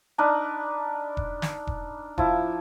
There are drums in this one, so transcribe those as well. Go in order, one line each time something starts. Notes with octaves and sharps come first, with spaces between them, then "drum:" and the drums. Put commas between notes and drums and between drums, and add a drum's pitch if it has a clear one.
D4 D#4 A#4 B4
drum: kick E1
drum: snare
drum: kick E1
F3 E4, drum: kick E1